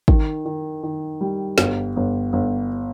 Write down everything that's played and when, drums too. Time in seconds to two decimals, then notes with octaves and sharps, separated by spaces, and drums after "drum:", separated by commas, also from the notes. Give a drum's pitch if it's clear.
0.08 D#3, drum: kick G#1
0.46 D#3
0.83 D#3
1.21 G3
1.58 G1, drum: snare
1.96 G1
2.33 G1